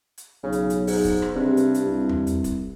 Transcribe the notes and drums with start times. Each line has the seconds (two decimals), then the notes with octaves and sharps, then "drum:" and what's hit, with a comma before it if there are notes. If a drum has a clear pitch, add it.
0.18 drum: hi-hat
0.43 B1 C#3
0.52 drum: hi-hat
0.70 drum: hi-hat
0.87 G#2, drum: open hi-hat
1.05 drum: kick, hi-hat
1.22 drum: rim click
1.36 G2 C3
1.57 drum: hi-hat
1.74 drum: hi-hat
1.86 C2
2.09 drum: tom E2
2.27 drum: hi-hat
2.44 drum: kick, hi-hat